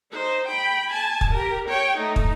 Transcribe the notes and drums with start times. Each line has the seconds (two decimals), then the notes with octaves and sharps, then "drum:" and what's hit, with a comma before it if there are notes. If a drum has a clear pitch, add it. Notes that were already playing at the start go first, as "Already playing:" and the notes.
0.12 D#4 C5
0.48 G5 B5
0.90 G#5 A5
1.21 drum: kick
1.31 G4 A#4
1.68 C#5 G5
1.97 A3 D#4
2.16 drum: kick